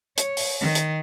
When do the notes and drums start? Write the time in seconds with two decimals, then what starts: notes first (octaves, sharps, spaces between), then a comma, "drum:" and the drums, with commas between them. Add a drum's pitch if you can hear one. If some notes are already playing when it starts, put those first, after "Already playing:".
0.17 C#5, drum: hi-hat
0.37 drum: open hi-hat
0.61 D#3
0.75 drum: hi-hat